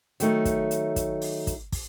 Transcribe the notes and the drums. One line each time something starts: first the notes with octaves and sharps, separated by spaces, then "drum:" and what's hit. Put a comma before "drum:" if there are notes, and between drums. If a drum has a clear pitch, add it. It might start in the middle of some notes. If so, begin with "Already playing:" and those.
D#3 F#3 A3 D#4, drum: hi-hat
drum: kick, hi-hat
drum: hi-hat
drum: kick, hi-hat
drum: open hi-hat
drum: kick, hi-hat
drum: kick, open hi-hat